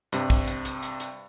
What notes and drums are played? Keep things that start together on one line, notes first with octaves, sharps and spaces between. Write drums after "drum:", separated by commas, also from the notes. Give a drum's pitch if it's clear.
G2 C3, drum: hi-hat
drum: kick, open hi-hat
drum: hi-hat
drum: hi-hat
drum: hi-hat
drum: hi-hat